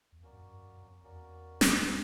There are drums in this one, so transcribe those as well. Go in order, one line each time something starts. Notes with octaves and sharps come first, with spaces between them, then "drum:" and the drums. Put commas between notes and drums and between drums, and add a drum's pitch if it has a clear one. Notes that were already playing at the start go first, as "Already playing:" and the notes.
E2
F2 A#3 C#4 F#4 A#4 D5
G2
F#2
G2
F#2
F#2
F2
E2 A#3 C#4 F#4 A#4 D5
drum: snare
E4 G#4 C5 F5 G#5